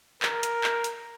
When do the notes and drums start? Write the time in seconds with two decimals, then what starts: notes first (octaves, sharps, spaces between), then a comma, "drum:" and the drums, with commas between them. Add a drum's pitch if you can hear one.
0.22 A#4, drum: clap
0.43 drum: hi-hat
0.64 drum: clap
0.84 drum: hi-hat